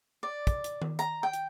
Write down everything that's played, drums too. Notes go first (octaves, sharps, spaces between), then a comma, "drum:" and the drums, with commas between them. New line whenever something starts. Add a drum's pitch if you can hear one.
D5
drum: kick, hi-hat
drum: hi-hat
drum: tom D#3
A#5, drum: hi-hat
G5
drum: hi-hat